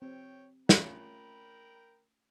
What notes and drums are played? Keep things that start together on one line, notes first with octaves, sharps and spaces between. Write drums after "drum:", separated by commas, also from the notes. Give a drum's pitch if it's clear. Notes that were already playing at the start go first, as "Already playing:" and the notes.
C4 C#5 G5
A3 C#4 F4 A#4 G5 B5, drum: snare